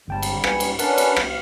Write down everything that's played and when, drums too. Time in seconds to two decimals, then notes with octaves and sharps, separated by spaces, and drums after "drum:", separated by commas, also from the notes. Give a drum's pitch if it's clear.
0.08 G1 G#2 G3 G5 A5
0.22 drum: cymbal
0.44 B4 G#5 C#7, drum: rim click
0.60 drum: cymbal
0.79 C#4 D4 A#4 B4 F#5 A5, drum: cymbal
0.98 drum: cymbal
1.16 drum: rim click
1.27 F5